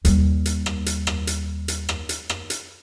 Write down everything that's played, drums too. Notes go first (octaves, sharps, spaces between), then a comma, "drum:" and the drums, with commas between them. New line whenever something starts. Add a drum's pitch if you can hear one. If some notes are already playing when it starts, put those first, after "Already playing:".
D#2 G3, drum: hi-hat
drum: hi-hat
drum: rim click
drum: hi-hat
drum: rim click
drum: hi-hat
drum: hi-hat
drum: rim click
drum: hi-hat
drum: rim click
drum: hi-hat